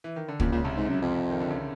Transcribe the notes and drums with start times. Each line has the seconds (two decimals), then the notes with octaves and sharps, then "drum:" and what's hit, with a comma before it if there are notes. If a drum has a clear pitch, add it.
0.04 E3
0.16 D#3
0.28 D3
0.40 C#2 A#2 C#3, drum: kick
0.52 C#2 A#2 C#3
0.64 C2 C3
0.77 G#2
0.89 F#2
1.01 F2
1.30 D#3
1.40 D3
1.50 C#3